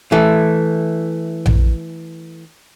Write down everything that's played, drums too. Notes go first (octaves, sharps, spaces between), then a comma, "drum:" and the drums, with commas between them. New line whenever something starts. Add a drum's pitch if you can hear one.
E3 A3
drum: tom A#1